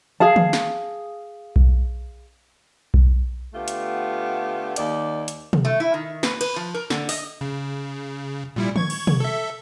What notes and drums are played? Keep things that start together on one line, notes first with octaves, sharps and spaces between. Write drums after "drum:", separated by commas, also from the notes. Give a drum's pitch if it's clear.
G#4 F5 A5
drum: tom
drum: snare
drum: kick B1
drum: kick B1
D3 A3 B3 F4 G4
drum: hi-hat
D#2 D#3 D5, drum: hi-hat
drum: hi-hat
drum: tom
A3
E4
D#3
B4, drum: snare
B4, drum: cymbal
F3
A#4
D3, drum: snare
D#5, drum: open hi-hat
C#3
A#2 G3 E4
C#6 G#6, drum: tom
drum: cymbal
drum: tom
A4 E5